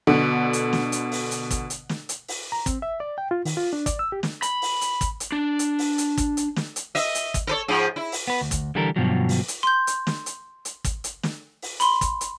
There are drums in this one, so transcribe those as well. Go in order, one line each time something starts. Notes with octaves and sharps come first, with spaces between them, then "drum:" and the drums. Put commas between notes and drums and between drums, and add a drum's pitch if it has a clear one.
B2 D3
drum: hi-hat
drum: snare
drum: hi-hat
drum: open hi-hat
drum: hi-hat
drum: kick, hi-hat
drum: hi-hat
drum: snare
drum: hi-hat
drum: open hi-hat
A#5
C4, drum: kick, hi-hat
E5
D5
G5
F4
D#3, drum: open hi-hat
F4
D4
D5, drum: kick, hi-hat
E6
G4
drum: snare
B5, drum: hi-hat
drum: open hi-hat
drum: hi-hat
drum: kick, hi-hat
drum: hi-hat
D4
drum: hi-hat
drum: open hi-hat
drum: hi-hat
drum: kick, hi-hat
drum: hi-hat
drum: snare
drum: hi-hat
D#5 E5, drum: open hi-hat
drum: hi-hat
drum: kick, hi-hat
A4 B4 C#5
G#2 F3 G#4
E4
drum: open hi-hat
B3 B4
D2
drum: kick, hi-hat
D3 E3 G3 A4 A#4
G2 B2 D3 F3 F#3
drum: open hi-hat
drum: hi-hat
C6 G6
drum: hi-hat
drum: snare
drum: hi-hat
drum: hi-hat
drum: kick, hi-hat
drum: hi-hat
drum: snare
drum: open hi-hat
B5 C6, drum: hi-hat
drum: kick, hi-hat
drum: hi-hat